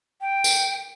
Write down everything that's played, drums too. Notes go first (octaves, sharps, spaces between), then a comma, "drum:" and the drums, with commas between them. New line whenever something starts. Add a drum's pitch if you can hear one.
G5
drum: tambourine